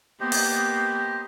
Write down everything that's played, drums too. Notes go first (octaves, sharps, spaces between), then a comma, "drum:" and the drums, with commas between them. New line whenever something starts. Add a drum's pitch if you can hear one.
A#3 B3 G4 C5 D#5
drum: open hi-hat